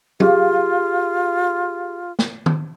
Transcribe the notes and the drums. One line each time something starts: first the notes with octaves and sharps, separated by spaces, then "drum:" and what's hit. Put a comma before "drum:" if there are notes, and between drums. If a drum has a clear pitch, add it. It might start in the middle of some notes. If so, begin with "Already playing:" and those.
F4 G4 G#4 F5, drum: tom
drum: snare
drum: tom D#3